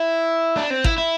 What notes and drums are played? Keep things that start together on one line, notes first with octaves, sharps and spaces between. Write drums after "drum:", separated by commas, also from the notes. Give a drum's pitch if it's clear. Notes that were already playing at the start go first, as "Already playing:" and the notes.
Already playing: E4
D4
C4
E4, drum: kick
E4